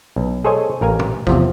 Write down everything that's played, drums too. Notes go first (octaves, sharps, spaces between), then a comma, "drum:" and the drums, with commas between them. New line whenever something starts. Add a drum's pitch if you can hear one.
B1
G#4 A4 C5 C#5 D#5 G#5
A1 A#4 F5 G#5
drum: tom
E2 C3 F3, drum: kick